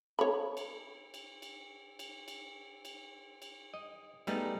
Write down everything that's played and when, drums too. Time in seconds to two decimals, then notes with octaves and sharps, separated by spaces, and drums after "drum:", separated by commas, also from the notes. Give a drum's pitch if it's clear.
0.19 C#5 B5
0.57 drum: cymbal
1.14 drum: cymbal
1.42 drum: cymbal
1.99 drum: cymbal
2.28 drum: cymbal
2.85 drum: cymbal
3.42 drum: cymbal
3.74 D#5
4.27 G3 A3 B3 D#4 G#4, drum: cymbal